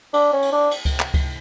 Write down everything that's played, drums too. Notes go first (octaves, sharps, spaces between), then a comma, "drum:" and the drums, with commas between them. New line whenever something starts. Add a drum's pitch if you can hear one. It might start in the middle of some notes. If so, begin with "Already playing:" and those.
D4, drum: cymbal
C#4
drum: cymbal
D4
drum: cymbal
drum: kick C#2, cymbal
drum: clap
drum: kick C#2, cymbal